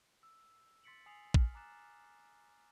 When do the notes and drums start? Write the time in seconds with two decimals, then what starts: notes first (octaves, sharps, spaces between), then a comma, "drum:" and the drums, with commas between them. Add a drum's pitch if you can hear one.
0.23 E6
0.84 C6 A6 B6 C#7 D7 F#7
1.06 G#5 D#6 C7 F7 F#7
1.34 F6, drum: kick
1.54 G#5 A#5 D6 F#6 A6 E7